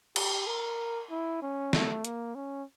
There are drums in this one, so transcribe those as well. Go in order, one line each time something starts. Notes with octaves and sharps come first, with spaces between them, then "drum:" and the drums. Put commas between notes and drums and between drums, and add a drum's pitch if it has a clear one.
G4, drum: cymbal
A#4
E4
C#4
A3, drum: snare
A#3, drum: hi-hat
C#4